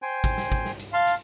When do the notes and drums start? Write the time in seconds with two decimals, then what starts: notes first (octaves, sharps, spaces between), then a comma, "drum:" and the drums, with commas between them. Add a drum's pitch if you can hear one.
0.02 C5 G5 G#5
0.24 drum: kick, hi-hat
0.38 drum: snare
0.52 drum: kick
0.66 drum: snare
0.79 drum: hi-hat
0.93 F5 A5 C6
1.07 drum: hi-hat